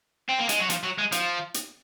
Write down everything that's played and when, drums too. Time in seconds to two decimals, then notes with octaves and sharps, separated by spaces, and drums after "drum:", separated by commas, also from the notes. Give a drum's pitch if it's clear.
0.29 C4
0.39 A#3
0.49 G#3, drum: hi-hat
0.60 F#3
0.70 F3, drum: hi-hat
0.83 F#3
0.98 G#3
1.12 F3, drum: hi-hat
1.54 drum: hi-hat